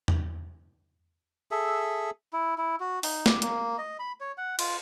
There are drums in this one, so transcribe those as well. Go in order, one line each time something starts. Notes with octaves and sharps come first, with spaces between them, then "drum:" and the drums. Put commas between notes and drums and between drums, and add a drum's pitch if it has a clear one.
drum: tom E2
G#4 A4 E5
E4
E4
F#4
D#4, drum: open hi-hat
G4, drum: snare
A#3, drum: hi-hat
D#5
B5
C#5
F#5
F4, drum: cymbal